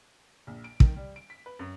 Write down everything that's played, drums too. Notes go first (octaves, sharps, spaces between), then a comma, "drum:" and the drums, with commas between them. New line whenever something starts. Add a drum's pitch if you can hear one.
A#1
D7
D#3, drum: kick
G3
D7
B6
B4
F#2